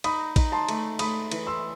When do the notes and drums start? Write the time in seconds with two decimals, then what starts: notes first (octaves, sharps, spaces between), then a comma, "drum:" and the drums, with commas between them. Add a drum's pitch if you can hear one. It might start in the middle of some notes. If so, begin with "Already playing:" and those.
0.04 D#4 B5 D#6, drum: cymbal
0.36 D#4, drum: kick A#1, cymbal
0.52 A5 C6
0.69 A3, drum: cymbal
0.99 A3 B5 D#6, drum: cymbal
1.31 E3, drum: cymbal
1.47 C6 E6